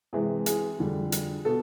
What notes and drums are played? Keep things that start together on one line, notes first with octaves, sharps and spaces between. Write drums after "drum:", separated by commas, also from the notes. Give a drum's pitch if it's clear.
C3 E3 G#3 G#4
G#4, drum: hi-hat
F2 D3 G3
drum: hi-hat
B2 A4